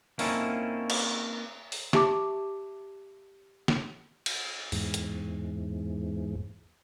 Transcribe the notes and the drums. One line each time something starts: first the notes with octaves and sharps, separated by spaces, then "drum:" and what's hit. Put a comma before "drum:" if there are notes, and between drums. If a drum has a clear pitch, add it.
A#3 C4 C#4 D#4 E4 A4, drum: open hi-hat
drum: cymbal
drum: open hi-hat
G4 E5 A5 D6, drum: snare
drum: snare
drum: cymbal
E2 G#2, drum: open hi-hat
drum: hi-hat